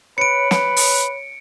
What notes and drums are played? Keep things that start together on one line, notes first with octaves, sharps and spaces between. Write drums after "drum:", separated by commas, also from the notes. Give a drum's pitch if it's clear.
B4 C#5 C#7 D7
B4, drum: snare
drum: open hi-hat